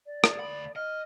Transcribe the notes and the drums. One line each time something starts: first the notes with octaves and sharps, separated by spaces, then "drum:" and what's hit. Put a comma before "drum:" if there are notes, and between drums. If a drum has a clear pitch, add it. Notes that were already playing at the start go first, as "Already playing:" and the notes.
D5
G#4 A#4, drum: rim click
D2 B5
D#5 F6